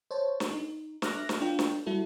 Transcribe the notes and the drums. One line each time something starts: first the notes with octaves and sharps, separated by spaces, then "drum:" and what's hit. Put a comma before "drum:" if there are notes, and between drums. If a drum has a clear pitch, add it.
C5 C#5 A5
drum: snare
D#4
E5 D6 F6 F#6 A#6, drum: snare
drum: snare
D4 F4 G5
drum: snare
G3 E4 F#4 A4